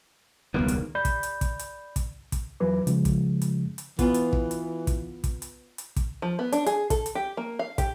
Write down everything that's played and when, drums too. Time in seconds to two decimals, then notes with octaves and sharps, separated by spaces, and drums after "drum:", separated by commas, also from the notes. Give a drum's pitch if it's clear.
0.54 E1 C#2 D#3 G3 A#3 B3
0.68 drum: hi-hat
0.95 D5 B5 G6
1.05 drum: kick, hi-hat
1.23 drum: hi-hat
1.41 drum: kick, hi-hat
1.59 drum: hi-hat
1.96 drum: kick, hi-hat
2.32 drum: kick, hi-hat
2.60 E2 E3 F#3 B4 D6
2.87 C#3 F3 G#3, drum: hi-hat
3.05 drum: kick, hi-hat
3.42 drum: hi-hat
3.78 drum: hi-hat
3.99 E3 B3 F4 B4, drum: kick, hi-hat
4.14 drum: hi-hat
4.33 drum: kick
4.51 drum: hi-hat
4.87 drum: kick, hi-hat
5.24 drum: kick, hi-hat
5.42 drum: hi-hat
5.78 drum: hi-hat
5.96 drum: kick, hi-hat
6.22 F3
6.39 B3
6.52 D4, drum: hi-hat
6.66 G#4, drum: hi-hat
6.90 A4, drum: kick, hi-hat
7.06 drum: hi-hat
7.15 G4
7.37 A#3
7.59 F5
7.78 G4, drum: kick, hi-hat